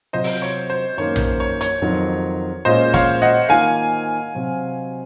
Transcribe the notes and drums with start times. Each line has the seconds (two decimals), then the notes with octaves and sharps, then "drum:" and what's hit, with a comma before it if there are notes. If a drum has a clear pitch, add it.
0.13 C3 F#3 C4 F4 C5 D#5
0.24 drum: open hi-hat
0.42 C#5
0.70 C5
0.97 F#2 D#3 A#3 C#5
1.16 drum: tom A#1
1.40 C#5
1.61 C#5, drum: hi-hat
1.82 F2 D#3 F#3 C4 D#4
2.65 A#2 G#3 C#4 F4 C5 D#5
2.94 C#5 F5, drum: snare
3.22 D#5 F#5
3.49 D#3 A#3 F4 F5 G#5
4.34 C3 F#3 C4